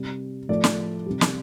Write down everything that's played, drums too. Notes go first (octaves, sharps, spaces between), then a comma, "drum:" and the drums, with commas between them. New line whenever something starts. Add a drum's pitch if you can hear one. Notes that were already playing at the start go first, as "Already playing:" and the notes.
Already playing: C3 G3
A2 F3 A3 D5
drum: snare
C3 G3
drum: snare